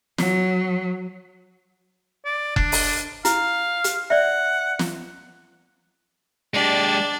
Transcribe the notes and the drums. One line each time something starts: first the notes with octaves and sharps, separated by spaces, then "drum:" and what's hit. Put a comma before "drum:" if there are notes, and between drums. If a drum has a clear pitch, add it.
F#3, drum: snare
D5
D4, drum: kick F1
drum: open hi-hat
E4 F5, drum: hi-hat
drum: hi-hat
D5 E5 F#5
drum: snare
G#3 D4 G4 D5